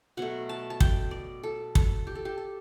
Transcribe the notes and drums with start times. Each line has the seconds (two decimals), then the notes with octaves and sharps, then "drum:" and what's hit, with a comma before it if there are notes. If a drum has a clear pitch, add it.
0.17 B2 F#3 A3 F#5
0.49 A5
0.70 A5
0.80 G5, drum: kick
1.11 D5
1.43 A4
1.75 A4, drum: kick
2.07 G4
2.15 A4
2.25 G4
2.38 A4